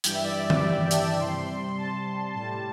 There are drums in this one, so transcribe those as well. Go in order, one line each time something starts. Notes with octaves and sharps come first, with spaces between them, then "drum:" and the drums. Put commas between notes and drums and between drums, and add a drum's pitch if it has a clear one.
G2 E3 G3 G5, drum: hi-hat
E5
D5
E5
drum: tom D#3
G2 E3 G3 G5
A5, drum: hi-hat
C3 G3 C6
C3 G3 A5
A2 G3 A5